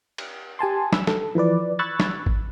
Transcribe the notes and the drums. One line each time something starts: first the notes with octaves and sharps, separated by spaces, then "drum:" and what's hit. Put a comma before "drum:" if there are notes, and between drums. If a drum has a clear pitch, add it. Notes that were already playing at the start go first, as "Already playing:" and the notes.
drum: cymbal
G4 G#5 A5 C6
B5 E6, drum: snare
A4, drum: snare
E3 F3 B4 D5
B5 C#6 E6 F#6 G#6 A6
drum: snare
drum: kick G#1